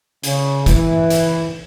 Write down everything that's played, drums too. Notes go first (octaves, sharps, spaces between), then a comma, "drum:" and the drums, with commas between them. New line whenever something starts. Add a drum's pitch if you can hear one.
C#3, drum: hi-hat
E3, drum: kick, hi-hat
drum: hi-hat